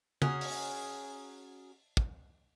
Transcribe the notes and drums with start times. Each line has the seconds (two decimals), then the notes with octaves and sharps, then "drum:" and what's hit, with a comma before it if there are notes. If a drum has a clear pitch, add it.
0.22 C#4 F#4 G#4 A#4, drum: tom
0.41 drum: open hi-hat
1.97 drum: kick